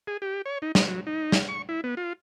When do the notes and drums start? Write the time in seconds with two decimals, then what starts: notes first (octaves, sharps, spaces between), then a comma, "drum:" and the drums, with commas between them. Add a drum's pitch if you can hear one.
0.07 G#4
0.22 G4
0.46 C#5
0.62 D#4
0.75 D#5, drum: snare
0.88 F#3
1.07 D#4
1.32 drum: snare
1.49 C#6
1.69 E4
1.84 B3
1.97 F4